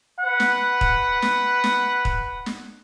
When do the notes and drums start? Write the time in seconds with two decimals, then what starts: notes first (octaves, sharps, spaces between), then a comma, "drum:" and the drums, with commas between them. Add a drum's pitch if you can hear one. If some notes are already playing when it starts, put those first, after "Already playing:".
0.19 B4 F#5
0.40 drum: snare
0.81 drum: kick
1.22 drum: snare
1.64 drum: snare
2.05 drum: kick
2.46 drum: snare